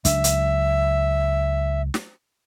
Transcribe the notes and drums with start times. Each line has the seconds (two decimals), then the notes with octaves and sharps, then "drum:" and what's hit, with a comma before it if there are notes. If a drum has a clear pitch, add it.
0.05 C#2 F#3 D4 E5, drum: hi-hat
0.24 drum: hi-hat
1.94 drum: snare